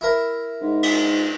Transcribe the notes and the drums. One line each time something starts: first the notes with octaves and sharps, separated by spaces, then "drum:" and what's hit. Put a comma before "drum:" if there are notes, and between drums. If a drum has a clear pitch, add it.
E4 A#4
G#2
drum: cymbal